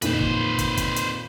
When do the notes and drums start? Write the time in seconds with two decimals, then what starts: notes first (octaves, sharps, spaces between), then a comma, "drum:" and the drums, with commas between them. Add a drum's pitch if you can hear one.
0.02 F2 A#2 D#3 B4 C5, drum: hi-hat
0.21 drum: kick
0.59 drum: kick, hi-hat
0.77 drum: kick, hi-hat
0.96 drum: hi-hat